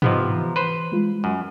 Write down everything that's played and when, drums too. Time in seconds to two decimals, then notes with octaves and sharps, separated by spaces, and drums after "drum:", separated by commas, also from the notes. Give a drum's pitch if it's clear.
0.02 C3 F3 B3 D#4 G4 D#5, drum: tom G#2
0.31 E3 A#5
0.56 B4 C5
0.92 G3 G#3 F4
1.24 F#2